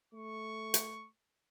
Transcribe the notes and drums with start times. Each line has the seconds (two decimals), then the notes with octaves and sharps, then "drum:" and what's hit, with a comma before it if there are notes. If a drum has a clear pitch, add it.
0.14 A3 C#6
0.74 drum: hi-hat